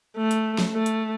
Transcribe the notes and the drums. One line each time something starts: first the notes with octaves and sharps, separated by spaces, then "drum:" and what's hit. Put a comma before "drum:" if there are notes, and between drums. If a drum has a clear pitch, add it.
A3
drum: hi-hat
drum: snare
A3
drum: hi-hat